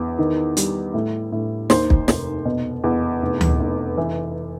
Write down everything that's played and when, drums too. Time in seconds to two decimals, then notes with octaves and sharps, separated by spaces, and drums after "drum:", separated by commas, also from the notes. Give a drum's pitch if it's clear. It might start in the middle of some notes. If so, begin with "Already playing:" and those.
Already playing: E2
0.19 D#3
0.57 G3, drum: hi-hat
0.94 A2
1.32 A2
1.70 D#2 C5, drum: snare
1.90 drum: kick
2.08 F1, drum: snare
2.45 B2
2.84 E2
3.22 F1
3.41 drum: tom D2
3.59 F1
3.98 E3